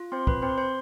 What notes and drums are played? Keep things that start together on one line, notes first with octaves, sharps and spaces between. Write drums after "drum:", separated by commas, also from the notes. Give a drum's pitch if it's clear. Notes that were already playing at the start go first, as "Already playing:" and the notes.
Already playing: F4
C4 C5 C6
B4 B5, drum: kick
C4 C5 C6
C5 C6